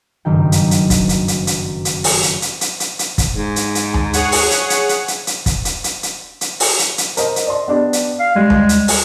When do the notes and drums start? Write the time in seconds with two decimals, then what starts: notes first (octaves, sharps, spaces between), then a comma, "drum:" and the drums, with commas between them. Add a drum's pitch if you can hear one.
0.25 F#1 G2 D#3 G5
0.52 drum: hi-hat
0.71 drum: hi-hat
0.90 drum: kick, hi-hat
1.09 drum: hi-hat
1.28 drum: hi-hat
1.47 drum: hi-hat
1.85 drum: hi-hat
2.04 drum: open hi-hat
2.23 drum: hi-hat
2.42 drum: hi-hat
2.61 drum: hi-hat
2.80 drum: hi-hat
2.99 drum: hi-hat
3.18 drum: kick, hi-hat
3.32 G#2
3.56 drum: hi-hat
3.75 drum: hi-hat
3.94 drum: tom D#2
4.13 G#4 C#5 F#5, drum: hi-hat
4.32 drum: open hi-hat
4.51 drum: hi-hat
4.70 drum: hi-hat
4.89 drum: hi-hat
5.08 drum: hi-hat
5.27 drum: hi-hat
5.46 drum: kick, hi-hat
5.65 drum: hi-hat
5.84 drum: hi-hat
6.03 drum: hi-hat
6.41 drum: hi-hat
6.60 drum: open hi-hat
6.79 drum: hi-hat
6.98 drum: hi-hat
7.17 A#4 C5 D#5, drum: hi-hat
7.36 drum: hi-hat
7.47 D5 D#5 C6
7.68 B3 D4 G4
7.93 drum: hi-hat
8.20 F5
8.36 G3 G#3
8.50 drum: tom D#2
8.69 drum: hi-hat
8.88 drum: open hi-hat